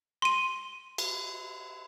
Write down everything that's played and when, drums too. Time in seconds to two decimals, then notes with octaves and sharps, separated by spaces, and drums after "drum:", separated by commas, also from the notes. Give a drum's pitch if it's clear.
0.22 C6 D#7
0.98 drum: cymbal